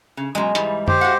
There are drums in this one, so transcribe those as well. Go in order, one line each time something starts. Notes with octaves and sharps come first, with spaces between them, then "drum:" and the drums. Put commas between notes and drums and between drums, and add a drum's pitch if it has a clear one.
C#3
F#2 B2 F#3 G#3
G#2 E3 G3, drum: hi-hat
G4 C5, drum: tom F#2
F#4 F5 F#5